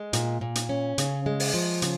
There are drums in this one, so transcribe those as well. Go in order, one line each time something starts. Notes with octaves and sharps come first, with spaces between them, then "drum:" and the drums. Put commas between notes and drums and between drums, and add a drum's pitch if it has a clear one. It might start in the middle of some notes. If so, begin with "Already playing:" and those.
Already playing: G#3
A#2, drum: hi-hat
A#2
drum: hi-hat
C#4
C#3, drum: hi-hat
G#3
drum: open hi-hat
F3
C#3, drum: hi-hat